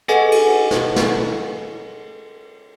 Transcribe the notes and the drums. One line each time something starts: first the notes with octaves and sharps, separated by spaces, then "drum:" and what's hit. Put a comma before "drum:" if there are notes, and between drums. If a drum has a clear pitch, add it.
G#4 A4 B4 D#5 F#5 G#5, drum: hi-hat
drum: cymbal
drum: snare
drum: snare